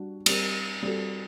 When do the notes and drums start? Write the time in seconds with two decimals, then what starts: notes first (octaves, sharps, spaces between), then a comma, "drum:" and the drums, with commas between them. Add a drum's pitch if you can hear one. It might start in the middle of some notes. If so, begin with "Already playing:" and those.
Already playing: G3 D4 F#4
0.26 G3 C4 G4 A#4, drum: cymbal
0.83 G3 C4 F#4 A4